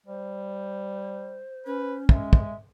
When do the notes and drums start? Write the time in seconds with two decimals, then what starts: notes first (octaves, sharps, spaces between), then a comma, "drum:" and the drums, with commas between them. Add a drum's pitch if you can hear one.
0.06 G3 C5
1.66 C#4 B4
2.09 G#3 E5, drum: kick
2.33 drum: kick